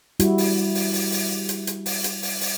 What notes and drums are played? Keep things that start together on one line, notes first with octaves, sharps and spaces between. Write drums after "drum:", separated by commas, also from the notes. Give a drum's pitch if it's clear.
G3 E4 F#4, drum: hi-hat
drum: open hi-hat
drum: open hi-hat
drum: open hi-hat
drum: open hi-hat
drum: hi-hat
drum: hi-hat
drum: open hi-hat
drum: hi-hat
drum: open hi-hat
drum: open hi-hat